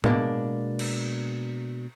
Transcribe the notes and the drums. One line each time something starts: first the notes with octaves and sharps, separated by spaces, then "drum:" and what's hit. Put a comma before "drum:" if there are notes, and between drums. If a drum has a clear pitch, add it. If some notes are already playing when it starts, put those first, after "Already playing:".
B2 G#3 A#3 D4, drum: tom A2
drum: cymbal